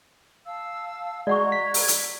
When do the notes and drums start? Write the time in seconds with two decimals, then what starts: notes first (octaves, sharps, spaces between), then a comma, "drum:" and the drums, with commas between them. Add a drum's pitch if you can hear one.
0.46 F5 A5 E6
1.27 G#3 F#4 D5 F#5 A#5 C#6 G#6
1.52 B6
1.74 drum: open hi-hat
1.88 drum: hi-hat